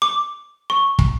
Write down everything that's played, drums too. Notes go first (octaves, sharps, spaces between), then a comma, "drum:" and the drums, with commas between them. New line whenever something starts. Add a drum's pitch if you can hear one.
D6
C#6
drum: kick